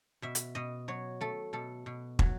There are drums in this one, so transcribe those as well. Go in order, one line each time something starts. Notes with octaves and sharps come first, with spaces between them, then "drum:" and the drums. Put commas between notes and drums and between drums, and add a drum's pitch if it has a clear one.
B2 E5
drum: hi-hat
B2 D#5
F#3 C#5
A3 A4
B2 A4
B2
F#3, drum: kick